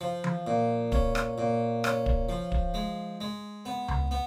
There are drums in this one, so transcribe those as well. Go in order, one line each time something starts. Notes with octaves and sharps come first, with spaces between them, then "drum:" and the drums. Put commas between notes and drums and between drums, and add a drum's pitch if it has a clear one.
F3
drum: tom E3
A#2
C#4, drum: kick
drum: rim click
A#2
C#4, drum: rim click
drum: kick
F3
drum: kick
G#3
G#3
B3
drum: tom C#2
B3